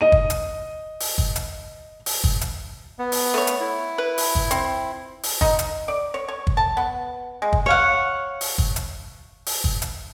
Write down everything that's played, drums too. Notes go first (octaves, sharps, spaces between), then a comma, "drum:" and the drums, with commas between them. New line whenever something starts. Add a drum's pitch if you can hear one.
D#5 D#7
drum: kick
drum: hi-hat
drum: open hi-hat
drum: kick
drum: hi-hat
drum: open hi-hat
drum: kick
drum: hi-hat
B3
drum: open hi-hat
A3 C#5
drum: hi-hat
E4
B4
drum: open hi-hat
drum: kick
C4, drum: hi-hat
drum: open hi-hat
D#4, drum: kick
drum: hi-hat
D5
C#5
C#5
drum: kick
A5
B3
G#3
drum: kick
C#5 F5 F#5
drum: open hi-hat
drum: kick
drum: hi-hat
drum: open hi-hat
drum: kick
drum: hi-hat